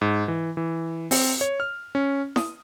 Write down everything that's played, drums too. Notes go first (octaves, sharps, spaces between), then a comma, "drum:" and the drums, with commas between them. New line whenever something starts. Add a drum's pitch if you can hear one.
G#2
E3
E3
C4, drum: open hi-hat
C#5
F6
C#4
D#6, drum: snare E4